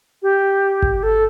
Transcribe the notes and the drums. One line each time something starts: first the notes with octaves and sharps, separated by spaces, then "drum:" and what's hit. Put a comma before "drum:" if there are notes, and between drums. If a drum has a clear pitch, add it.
G4
drum: kick G1
A4